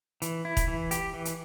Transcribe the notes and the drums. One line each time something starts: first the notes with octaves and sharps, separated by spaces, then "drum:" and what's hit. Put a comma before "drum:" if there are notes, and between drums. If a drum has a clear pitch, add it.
E3, drum: hi-hat
E4
drum: kick E1, hi-hat
E3
G4, drum: hi-hat
E3
drum: hi-hat